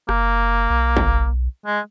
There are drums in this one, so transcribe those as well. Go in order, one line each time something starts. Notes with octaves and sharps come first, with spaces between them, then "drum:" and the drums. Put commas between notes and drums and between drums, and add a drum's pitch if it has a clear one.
F#1 A#3, drum: rim click
B1
drum: kick
G#3